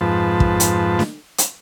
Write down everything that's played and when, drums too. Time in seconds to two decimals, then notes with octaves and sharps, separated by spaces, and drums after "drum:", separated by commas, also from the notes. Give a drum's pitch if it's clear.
0.01 F2 G#2 F3 B4 A5
0.40 drum: kick
0.60 drum: hi-hat
0.99 drum: snare
1.38 drum: hi-hat